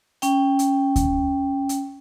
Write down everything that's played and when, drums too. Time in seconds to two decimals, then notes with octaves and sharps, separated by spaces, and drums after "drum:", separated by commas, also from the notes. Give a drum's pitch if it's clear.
0.22 C#4 G5, drum: hi-hat
0.59 drum: hi-hat
0.96 drum: kick D2, hi-hat
1.69 drum: hi-hat